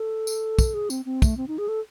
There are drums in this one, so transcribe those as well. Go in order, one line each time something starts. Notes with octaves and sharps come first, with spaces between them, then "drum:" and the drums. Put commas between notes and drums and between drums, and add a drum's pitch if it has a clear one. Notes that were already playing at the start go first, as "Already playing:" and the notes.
Already playing: A4
drum: tambourine
drum: kick, tambourine
G#4
C4, drum: tambourine
C4
A3, drum: kick, tambourine
C4
D#4
G#4
A4